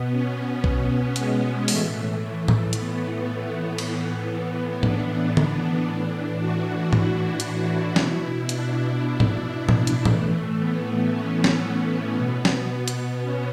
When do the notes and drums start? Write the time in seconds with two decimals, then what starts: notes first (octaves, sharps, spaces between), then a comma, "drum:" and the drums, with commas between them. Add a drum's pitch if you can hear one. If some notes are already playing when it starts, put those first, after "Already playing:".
Already playing: B2 B3
0.11 C#4
0.64 B3, drum: kick B1
1.16 G#3, drum: hi-hat
1.68 A2 E3 A3, drum: open hi-hat
2.48 drum: tom A2
2.73 B3, drum: hi-hat
3.26 B3
3.78 A2 E3, drum: cymbal
4.30 B3
4.83 D4, drum: tom G#2
5.37 drum: tom D3
5.87 A2 E3
6.39 F#4
6.93 E4, drum: tom G#2
7.40 drum: hi-hat
7.96 B2 E4, drum: snare
8.49 D4, drum: hi-hat
9.01 E4
9.20 drum: tom G#2
9.69 drum: tom A2
9.87 drum: hi-hat
10.05 A2 E3 A3, drum: tom A2
10.58 B3
11.10 C#4
11.44 drum: snare
11.63 C#4
12.15 B2 B3
12.45 drum: snare
12.88 drum: hi-hat
13.21 C#4